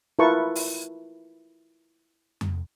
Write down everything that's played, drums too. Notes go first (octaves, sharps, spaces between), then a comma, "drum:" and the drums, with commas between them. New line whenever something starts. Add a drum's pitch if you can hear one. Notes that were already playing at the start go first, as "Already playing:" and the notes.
E4 F4 A#4 B4 A5 C#6
drum: open hi-hat
drum: tom F2